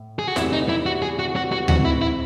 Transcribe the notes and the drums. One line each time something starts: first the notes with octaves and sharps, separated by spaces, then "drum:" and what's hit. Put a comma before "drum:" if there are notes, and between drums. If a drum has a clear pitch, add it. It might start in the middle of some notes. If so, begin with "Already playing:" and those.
Already playing: A2
G#4
F#4
E2 C3 E3 A3 E4, drum: snare
D#4
E4
F#4
G#4
F#4
F#4
F#4
A2 E3 G#3 C4 D#4 F#4, drum: tom D2
E4
E4